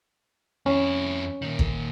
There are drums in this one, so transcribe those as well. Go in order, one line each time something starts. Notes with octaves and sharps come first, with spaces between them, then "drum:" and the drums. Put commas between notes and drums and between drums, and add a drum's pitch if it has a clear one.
F2 C#4 E4
A#2 D#3
drum: kick